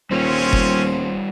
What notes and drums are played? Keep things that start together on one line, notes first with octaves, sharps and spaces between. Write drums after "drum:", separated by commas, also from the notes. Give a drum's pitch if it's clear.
D#1 G3 C4 C#4 F4 C5 C#5
drum: kick F#1